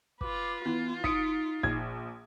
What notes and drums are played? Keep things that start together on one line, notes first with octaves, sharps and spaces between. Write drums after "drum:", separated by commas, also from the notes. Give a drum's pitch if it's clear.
F4 B4 D6, drum: kick
E3 B3 F4
D#4 D#6 B6 C#7 D7, drum: kick
A#1 G#6, drum: kick